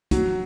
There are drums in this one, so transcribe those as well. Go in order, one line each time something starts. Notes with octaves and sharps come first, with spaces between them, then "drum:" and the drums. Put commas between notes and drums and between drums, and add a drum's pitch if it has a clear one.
F#3, drum: kick, hi-hat